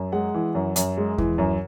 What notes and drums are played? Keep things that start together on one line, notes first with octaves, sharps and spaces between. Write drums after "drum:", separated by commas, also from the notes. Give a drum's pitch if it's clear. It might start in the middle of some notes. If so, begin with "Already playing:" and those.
Already playing: F#2
G#3 F#5
E3
F#2
F#2, drum: hi-hat
G#3
E3, drum: kick D#2
F#2